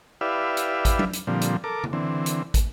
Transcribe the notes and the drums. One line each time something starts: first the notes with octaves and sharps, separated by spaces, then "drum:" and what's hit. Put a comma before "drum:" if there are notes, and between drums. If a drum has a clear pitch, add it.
E4 G4 B4 D5 E5 F5
drum: hi-hat
drum: kick, hi-hat
drum: tom F#3
drum: hi-hat
A#2 D3 F3 G3 C4
drum: hi-hat
A4 A#4 D6
drum: tom C#3
D3 E3 C4
drum: hi-hat
drum: kick, hi-hat